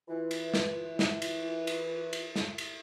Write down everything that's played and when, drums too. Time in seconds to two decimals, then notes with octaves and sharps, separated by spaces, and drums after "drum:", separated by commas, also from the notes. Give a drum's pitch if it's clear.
0.08 E3 F4
0.31 drum: cymbal
0.54 drum: snare
0.99 drum: snare
1.22 drum: cymbal
1.67 drum: cymbal
2.13 drum: cymbal
2.36 drum: snare
2.58 drum: cymbal